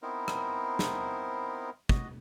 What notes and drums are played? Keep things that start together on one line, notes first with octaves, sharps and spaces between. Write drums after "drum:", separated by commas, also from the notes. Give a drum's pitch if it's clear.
B3 C4 D#4 E4 A#4 C5
drum: rim click
drum: snare
F#4 D#5, drum: kick